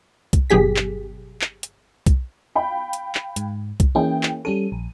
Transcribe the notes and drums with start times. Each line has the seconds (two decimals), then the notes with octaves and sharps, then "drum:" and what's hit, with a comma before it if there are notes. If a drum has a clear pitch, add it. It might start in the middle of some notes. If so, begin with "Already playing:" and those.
0.33 drum: kick, hi-hat
0.50 G1 B2 F#3 G4 G#4 B6
0.76 drum: clap
1.41 drum: clap
1.63 drum: hi-hat
2.06 drum: kick, hi-hat
2.55 F5 G5 B5
2.93 drum: hi-hat
3.15 drum: clap
3.36 G#2, drum: hi-hat
3.80 drum: kick, hi-hat
3.95 E3 A#3 C#4 G#4 G5
4.23 drum: clap
4.45 G3 C#4 A4 D#7
4.72 A#1